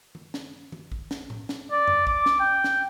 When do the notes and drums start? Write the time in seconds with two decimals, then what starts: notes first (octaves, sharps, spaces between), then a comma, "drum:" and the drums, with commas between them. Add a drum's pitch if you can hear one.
0.15 drum: tom D#3
0.34 drum: snare
0.72 drum: tom D#3
0.92 drum: kick A#1
1.11 drum: snare
1.30 drum: tom A2
1.49 drum: snare
1.72 D5
1.88 drum: tom F2
2.07 D6, drum: kick A#1
2.26 drum: snare
2.40 G5
2.64 drum: snare